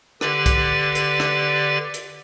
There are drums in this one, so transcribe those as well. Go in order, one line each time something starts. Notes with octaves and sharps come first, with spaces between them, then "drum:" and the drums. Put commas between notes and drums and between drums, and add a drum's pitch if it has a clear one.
D3 G4 B4 D5 A6, drum: rim click
drum: kick C2, hi-hat
drum: hi-hat
drum: rim click
drum: hi-hat